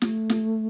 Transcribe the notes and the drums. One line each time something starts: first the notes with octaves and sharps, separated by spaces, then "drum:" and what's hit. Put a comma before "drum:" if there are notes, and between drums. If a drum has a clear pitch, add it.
A3, drum: snare
drum: snare